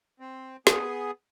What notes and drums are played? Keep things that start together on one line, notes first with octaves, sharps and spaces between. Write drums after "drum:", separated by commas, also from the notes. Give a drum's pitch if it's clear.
C4
B3 G#4, drum: snare